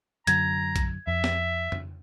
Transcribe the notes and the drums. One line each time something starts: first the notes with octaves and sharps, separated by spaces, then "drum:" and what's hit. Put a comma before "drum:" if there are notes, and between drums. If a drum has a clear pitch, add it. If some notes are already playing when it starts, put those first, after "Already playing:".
F#2 D3 F#3 A#5 G#6, drum: hi-hat
drum: kick A#1, hi-hat
F2 E5
drum: snare
drum: tom F2